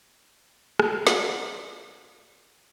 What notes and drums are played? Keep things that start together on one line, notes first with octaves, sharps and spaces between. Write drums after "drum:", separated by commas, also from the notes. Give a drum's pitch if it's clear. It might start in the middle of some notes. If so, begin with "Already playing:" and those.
drum: rim click
D4 F4 F#5, drum: snare